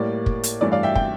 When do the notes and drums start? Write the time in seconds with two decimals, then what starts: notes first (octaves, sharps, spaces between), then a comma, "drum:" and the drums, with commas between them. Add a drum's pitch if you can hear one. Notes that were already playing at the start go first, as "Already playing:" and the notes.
Already playing: A2 G3 A#3 D5
0.26 drum: kick
0.43 drum: hi-hat
0.61 G2 E3 A3 D5
0.72 D5 F5
0.83 E5 G5
0.95 G5, drum: kick